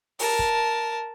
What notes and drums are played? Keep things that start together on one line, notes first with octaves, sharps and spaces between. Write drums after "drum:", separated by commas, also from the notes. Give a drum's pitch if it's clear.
A#4 A5, drum: open hi-hat
drum: kick